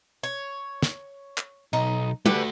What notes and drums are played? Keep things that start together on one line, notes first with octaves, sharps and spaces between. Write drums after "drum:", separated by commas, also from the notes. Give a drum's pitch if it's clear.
C#5
drum: snare
drum: clap
B1 D#4
D3 A3 F#4 G4 B4, drum: tom